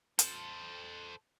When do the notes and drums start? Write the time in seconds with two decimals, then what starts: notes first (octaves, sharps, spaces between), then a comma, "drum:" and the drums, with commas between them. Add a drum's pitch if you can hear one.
0.19 A4 C5, drum: hi-hat